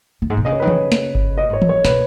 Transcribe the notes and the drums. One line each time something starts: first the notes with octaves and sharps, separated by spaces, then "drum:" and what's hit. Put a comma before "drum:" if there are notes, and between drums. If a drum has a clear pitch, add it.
F#2
G#2
B2
C#3 D#5
C#5
D#3 B4
C#3 C#5, drum: tom
drum: snare
drum: kick G1
B2 D#5
G#2
C#5
G#2, drum: tom
C#5
B2 B4, drum: snare